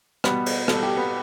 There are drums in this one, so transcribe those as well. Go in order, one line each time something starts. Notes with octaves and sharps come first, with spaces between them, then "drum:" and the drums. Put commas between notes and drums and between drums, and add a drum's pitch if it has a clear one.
B2 G3 B3, drum: rim click
drum: cymbal
B2 G3 A4, drum: rim click
G4
B3